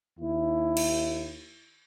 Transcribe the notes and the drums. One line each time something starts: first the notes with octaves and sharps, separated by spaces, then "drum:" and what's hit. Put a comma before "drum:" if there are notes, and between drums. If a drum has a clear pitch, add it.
D#2 E4
drum: cymbal